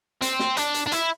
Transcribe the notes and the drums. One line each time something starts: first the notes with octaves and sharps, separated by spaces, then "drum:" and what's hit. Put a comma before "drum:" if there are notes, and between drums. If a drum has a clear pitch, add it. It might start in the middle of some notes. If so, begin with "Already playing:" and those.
C4, drum: hi-hat
drum: snare
D4, drum: hi-hat
drum: hi-hat
D4
E4, drum: hi-hat